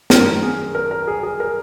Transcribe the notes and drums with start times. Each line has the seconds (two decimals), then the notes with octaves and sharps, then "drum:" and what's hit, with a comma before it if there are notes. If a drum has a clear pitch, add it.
0.10 F#2 D#3 A#4, drum: snare
0.43 G#4
0.75 A#4
0.91 A#4
1.07 G#4
1.23 G#4
1.40 A#4